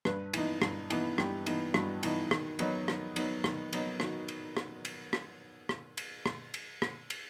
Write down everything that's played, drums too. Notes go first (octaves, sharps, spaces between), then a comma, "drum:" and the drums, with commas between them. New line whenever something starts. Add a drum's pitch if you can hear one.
G2 B4, drum: rim click
E3 B3 D#4, drum: cymbal
G2, drum: rim click
E3 B3 D#4, drum: cymbal
G2 G4, drum: rim click
E3 B3 D#4, drum: cymbal
G2 F#4, drum: rim click
E3 B3 D#4, drum: cymbal
D#3, drum: rim click
F#3 B3 D#4, drum: cymbal
D#3, drum: rim click
F#3 B3 D#4, drum: cymbal
D#3, drum: rim click
F#3 B3 D#4, drum: cymbal
D#3 F#4, drum: rim click
drum: cymbal
drum: rim click
drum: cymbal
drum: rim click
drum: rim click
drum: cymbal
drum: rim click
drum: cymbal
drum: rim click
drum: cymbal